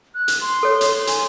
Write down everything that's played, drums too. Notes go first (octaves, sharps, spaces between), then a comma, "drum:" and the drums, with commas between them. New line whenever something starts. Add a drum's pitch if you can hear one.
F#6
drum: hi-hat
C6
A4 C#5
drum: hi-hat
G#5, drum: hi-hat